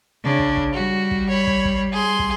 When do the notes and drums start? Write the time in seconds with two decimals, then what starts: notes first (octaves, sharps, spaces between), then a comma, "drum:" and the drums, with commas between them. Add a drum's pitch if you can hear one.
0.24 C#3 D4
0.39 drum: kick
0.57 drum: kick
0.74 G3 F#4
1.11 drum: kick
1.29 C#5 B5
1.47 drum: kick
1.65 drum: kick
1.92 G#4 C6
2.19 drum: kick